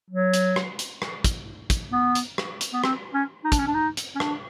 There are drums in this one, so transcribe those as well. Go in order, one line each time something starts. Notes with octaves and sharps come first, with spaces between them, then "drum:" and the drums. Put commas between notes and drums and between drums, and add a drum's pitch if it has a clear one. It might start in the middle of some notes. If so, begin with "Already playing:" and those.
F#3
drum: hi-hat
drum: rim click
drum: hi-hat
drum: rim click
drum: kick, hi-hat
drum: kick, hi-hat
B3
drum: hi-hat
drum: rim click
drum: hi-hat
B3
C4, drum: rim click
C#4
D#4
D4, drum: kick, hi-hat
C#4
D4
D#4
drum: hi-hat
C#4
D4, drum: rim click